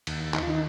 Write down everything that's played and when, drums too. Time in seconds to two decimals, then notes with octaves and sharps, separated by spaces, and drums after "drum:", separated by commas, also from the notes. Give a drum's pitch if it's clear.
0.07 D#2, drum: cymbal
0.34 D#4, drum: clap
0.43 F4
0.47 D#3 D#4